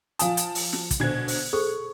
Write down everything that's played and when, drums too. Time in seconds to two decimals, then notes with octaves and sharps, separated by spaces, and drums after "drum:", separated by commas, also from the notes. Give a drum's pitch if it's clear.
0.19 F3 F5 G#5 A5 D#6, drum: hi-hat
0.37 drum: hi-hat
0.55 drum: open hi-hat
0.73 drum: snare
0.91 drum: kick, hi-hat
1.00 B2 D3 D4 C5 G#6
1.28 C5, drum: open hi-hat
1.53 G#4 A4 C5 C#6